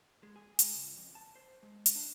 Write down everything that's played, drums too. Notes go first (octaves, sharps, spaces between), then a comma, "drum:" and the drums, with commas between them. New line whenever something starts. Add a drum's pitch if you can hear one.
G#3
G#4
G#3, drum: hi-hat
C#2
F2
A5
C5
G#3
drum: hi-hat
D4